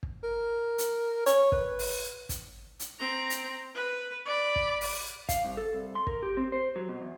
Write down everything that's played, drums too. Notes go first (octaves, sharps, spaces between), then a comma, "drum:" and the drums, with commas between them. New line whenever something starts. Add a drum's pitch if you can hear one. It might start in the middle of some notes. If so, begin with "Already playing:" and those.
drum: kick
A#4
drum: hi-hat
C#5, drum: hi-hat
B4, drum: kick
drum: open hi-hat
drum: kick, hi-hat
drum: hi-hat
C4 A#5
drum: hi-hat
B4
D5 B5
drum: kick
drum: open hi-hat
F5, drum: kick, hi-hat
C2
A4
C2
C6
A#4, drum: kick
G4
C4
C5
F#3
B2
E2